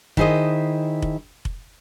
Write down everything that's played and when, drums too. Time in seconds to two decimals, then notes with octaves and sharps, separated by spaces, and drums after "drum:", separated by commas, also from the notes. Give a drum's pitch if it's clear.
0.17 D#3 E4 G#4 C5 D#5, drum: kick F1
1.02 drum: kick F1
1.45 drum: kick F1